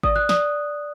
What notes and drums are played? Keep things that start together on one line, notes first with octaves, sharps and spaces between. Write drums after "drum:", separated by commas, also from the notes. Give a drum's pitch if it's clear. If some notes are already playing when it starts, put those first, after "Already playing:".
D5 D#6, drum: kick G#1
F#6
D5 D#6, drum: snare